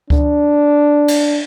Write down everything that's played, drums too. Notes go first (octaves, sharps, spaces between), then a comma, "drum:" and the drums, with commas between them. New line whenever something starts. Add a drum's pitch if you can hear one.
D4, drum: kick C#2
drum: cymbal